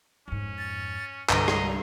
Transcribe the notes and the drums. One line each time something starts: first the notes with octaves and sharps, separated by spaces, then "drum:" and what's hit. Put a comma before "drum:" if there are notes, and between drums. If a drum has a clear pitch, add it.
F2 G#2 C#4
A6
C2 G2 D3 G3 D#5 A#5, drum: clap
drum: rim click